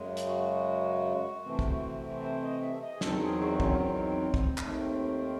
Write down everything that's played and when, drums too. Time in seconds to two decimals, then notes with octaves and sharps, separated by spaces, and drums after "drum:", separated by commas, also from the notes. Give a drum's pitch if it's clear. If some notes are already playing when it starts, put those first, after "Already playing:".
Already playing: F#2 C#3 G#3
0.17 drum: hi-hat
0.27 F#4
1.45 C3 E3 A3 C4
1.59 drum: kick
2.23 C5
2.42 D#5
2.61 E5
2.82 D#5
2.96 G#4
3.01 E2 D#3 F#3 C4 A4, drum: snare
3.21 G#4
3.41 F#4
3.60 C#4, drum: kick
3.79 C4
4.34 drum: kick
4.58 D#2 D#3 A3 C4, drum: clap